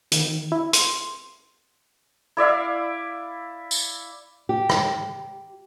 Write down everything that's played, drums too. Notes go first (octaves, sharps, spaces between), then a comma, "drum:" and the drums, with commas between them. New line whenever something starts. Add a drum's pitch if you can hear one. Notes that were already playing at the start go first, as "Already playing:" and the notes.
D#3, drum: hi-hat
E4
C6, drum: hi-hat
E4 D5 E5 F5
drum: tambourine
G4
drum: rim click